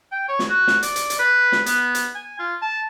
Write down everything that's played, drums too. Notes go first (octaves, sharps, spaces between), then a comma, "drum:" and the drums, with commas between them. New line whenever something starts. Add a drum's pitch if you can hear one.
G5
C#5
drum: snare
F#4
drum: snare
D5, drum: hi-hat
drum: hi-hat
drum: hi-hat
B4
drum: snare
B3, drum: hi-hat
drum: hi-hat
G#5
F4
A5